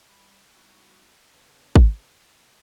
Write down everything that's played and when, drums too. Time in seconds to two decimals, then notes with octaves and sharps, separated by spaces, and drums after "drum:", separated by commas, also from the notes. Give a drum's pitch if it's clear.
0.09 G3 B5
0.54 G3 B3 D#4 E4 F#4
1.29 E2 C#3 D4 G#4 B4 C#5
1.75 drum: kick G#1